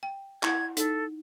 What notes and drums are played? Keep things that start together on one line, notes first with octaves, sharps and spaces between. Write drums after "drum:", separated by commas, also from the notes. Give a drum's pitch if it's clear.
G5
E4 F#5 G#6, drum: clap
D#4 A4, drum: hi-hat